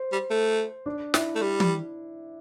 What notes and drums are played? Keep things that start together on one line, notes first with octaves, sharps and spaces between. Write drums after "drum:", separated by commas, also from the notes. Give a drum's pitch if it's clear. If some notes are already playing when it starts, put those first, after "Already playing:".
Already playing: C5
G3
A3
D4
E4, drum: snare
A3
G3
drum: tom E3